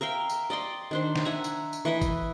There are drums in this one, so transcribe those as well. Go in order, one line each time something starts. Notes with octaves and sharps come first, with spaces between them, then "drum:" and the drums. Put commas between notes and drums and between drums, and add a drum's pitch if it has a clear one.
A#4 E5 F5 G5
drum: tambourine
D5 D#5 G5 C6
D#3 D4 C5
drum: snare
E5 F#5 G#5 A#5
drum: tambourine
drum: tambourine
E3 B4 D#5 E5
drum: kick, tambourine